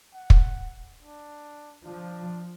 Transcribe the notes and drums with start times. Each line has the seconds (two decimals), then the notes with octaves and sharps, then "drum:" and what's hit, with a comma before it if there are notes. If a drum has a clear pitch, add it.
0.13 F#5
0.30 drum: kick
1.02 D4
1.84 F3 D4